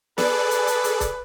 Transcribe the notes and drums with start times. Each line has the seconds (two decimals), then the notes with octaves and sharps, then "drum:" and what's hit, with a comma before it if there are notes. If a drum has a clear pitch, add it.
0.18 G#4 A4 B4 D5, drum: snare
0.51 drum: hi-hat
0.67 drum: hi-hat
0.84 drum: hi-hat
1.00 drum: kick C#1, hi-hat